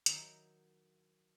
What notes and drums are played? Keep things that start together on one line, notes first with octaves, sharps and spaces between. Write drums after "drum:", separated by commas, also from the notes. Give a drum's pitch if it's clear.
D#3 F#3 E4 D#5 E5 A#5, drum: hi-hat